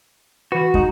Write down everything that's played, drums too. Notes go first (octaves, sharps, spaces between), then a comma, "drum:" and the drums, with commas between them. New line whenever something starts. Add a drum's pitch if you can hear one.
E3 F#4 B4
G#3 D#4, drum: kick